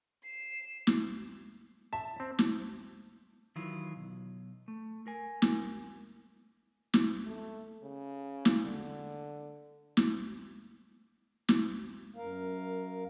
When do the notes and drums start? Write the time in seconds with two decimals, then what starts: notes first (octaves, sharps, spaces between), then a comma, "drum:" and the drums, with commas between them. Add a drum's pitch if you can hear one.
0.23 C7 E7
0.87 drum: snare
1.93 E5 A5
2.20 C4
2.39 drum: snare
3.56 D#3 E3 F#3 E4 F4
3.96 B1
4.68 A3
5.07 A#4 G#5
5.42 drum: snare
6.94 drum: snare
7.26 A3
7.83 C#3
8.45 drum: snare
8.64 D3
9.97 drum: snare
11.49 drum: snare
12.16 F#2 A#4 F5